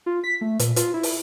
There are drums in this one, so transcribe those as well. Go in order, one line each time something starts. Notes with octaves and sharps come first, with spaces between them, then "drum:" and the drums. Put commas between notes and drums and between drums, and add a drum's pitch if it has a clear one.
F4
B6
A3
A#2, drum: hi-hat
F4, drum: hi-hat
E4
drum: open hi-hat